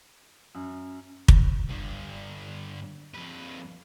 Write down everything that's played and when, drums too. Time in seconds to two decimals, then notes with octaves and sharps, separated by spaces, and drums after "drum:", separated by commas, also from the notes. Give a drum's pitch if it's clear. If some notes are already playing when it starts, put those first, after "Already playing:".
0.55 F#2
1.28 drum: kick
1.69 G2 D3
3.14 F2 B4